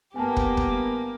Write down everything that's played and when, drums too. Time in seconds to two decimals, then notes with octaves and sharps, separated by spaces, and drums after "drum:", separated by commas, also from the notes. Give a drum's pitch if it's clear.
0.16 G1 A#3 B3 G4 G#5 A5
0.37 drum: kick
0.57 drum: kick